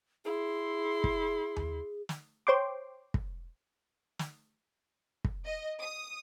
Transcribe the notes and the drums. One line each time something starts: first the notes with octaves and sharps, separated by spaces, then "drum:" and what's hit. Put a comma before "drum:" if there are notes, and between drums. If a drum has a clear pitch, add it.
E4 G#4 C6
drum: kick
drum: tom D#2
drum: snare
C5 C#5 G5 C6 D6
drum: kick
drum: snare
drum: kick
D#5
D#6